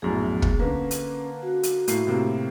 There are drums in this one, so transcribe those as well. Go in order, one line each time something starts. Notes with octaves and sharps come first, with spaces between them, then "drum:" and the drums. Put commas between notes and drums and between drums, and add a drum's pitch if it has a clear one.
A#1 F#2 A2 B3 G#4
drum: kick
D3 A#3 C#4 B4
drum: hi-hat
F#4
drum: hi-hat
A2 A#3 C7, drum: hi-hat
A2 C3 A#3